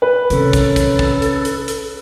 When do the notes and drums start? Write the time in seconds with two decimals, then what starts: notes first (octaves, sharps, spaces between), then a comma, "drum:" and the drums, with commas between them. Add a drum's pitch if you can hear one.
0.02 B4
0.30 C3 C#4 A4 A#4, drum: hi-hat
0.53 drum: kick, hi-hat
0.76 drum: kick, hi-hat
0.99 drum: kick
1.22 drum: hi-hat
1.45 drum: hi-hat
1.68 drum: hi-hat